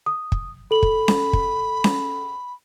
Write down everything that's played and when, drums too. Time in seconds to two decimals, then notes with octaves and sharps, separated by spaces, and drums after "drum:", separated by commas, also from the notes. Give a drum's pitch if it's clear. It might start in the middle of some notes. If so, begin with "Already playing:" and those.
0.06 D#6
0.32 drum: kick
0.71 A4 B5 F#7
0.83 drum: kick
1.08 drum: snare C#4
1.33 drum: kick
1.84 drum: snare C#4